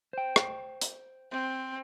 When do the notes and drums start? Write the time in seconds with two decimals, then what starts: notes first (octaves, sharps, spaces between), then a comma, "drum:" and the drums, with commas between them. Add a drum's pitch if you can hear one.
0.13 C5 G5
0.36 drum: rim click
0.81 drum: hi-hat
1.31 C4